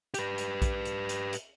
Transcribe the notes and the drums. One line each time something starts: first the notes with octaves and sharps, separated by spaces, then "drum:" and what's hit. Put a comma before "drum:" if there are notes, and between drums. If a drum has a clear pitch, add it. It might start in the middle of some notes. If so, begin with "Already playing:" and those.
G4 B4, drum: hi-hat
drum: hi-hat
drum: kick A#1, hi-hat
drum: hi-hat
drum: hi-hat
drum: hi-hat